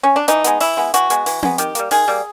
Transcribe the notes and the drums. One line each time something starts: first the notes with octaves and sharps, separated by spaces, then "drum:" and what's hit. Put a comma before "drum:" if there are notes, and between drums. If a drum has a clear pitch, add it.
C#4
D4
E3 D#4, drum: hi-hat
G#3 B3, drum: hi-hat
E3 E4, drum: open hi-hat
G#3 B3
E3 F#4, drum: hi-hat
G#3 B3, drum: hi-hat
E3, drum: open hi-hat
G#3 B3, drum: tom C4
D#3 G4, drum: hi-hat
G3 A#3, drum: hi-hat
D#3 G#4, drum: open hi-hat
G3 A#3